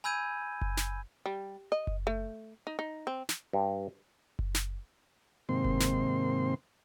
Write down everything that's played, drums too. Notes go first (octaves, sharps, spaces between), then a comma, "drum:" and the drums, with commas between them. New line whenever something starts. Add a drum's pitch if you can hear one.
G#5 B5 E6 G6 G#6 D#7
drum: kick F#1
drum: snare
G3
D#5
drum: kick F#1
A3
D#4
D#4
C4
drum: snare
G2
drum: kick F#1
drum: snare
G#2 C3 D#3 A#3 C4 C6
drum: kick F#1
drum: snare